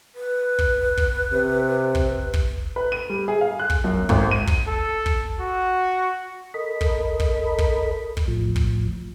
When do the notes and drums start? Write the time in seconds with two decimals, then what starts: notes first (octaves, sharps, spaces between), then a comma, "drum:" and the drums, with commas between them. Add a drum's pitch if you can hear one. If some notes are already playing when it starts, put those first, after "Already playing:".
0.15 B4
0.59 drum: kick
0.98 drum: kick
1.32 C3
1.95 drum: kick
2.34 drum: kick
2.76 B4
2.92 D#7
3.10 G3
3.28 G#4
3.41 F5
3.59 F#6
3.70 drum: kick
3.84 F#2
4.09 G#1, drum: kick
4.31 D#7
4.48 drum: kick
4.67 A4
5.06 drum: kick
5.40 F#4
6.54 A4 A#4 D#5 B5
6.81 drum: kick
7.20 drum: kick
7.59 drum: kick
8.17 drum: kick
8.28 A2 F3
8.56 drum: kick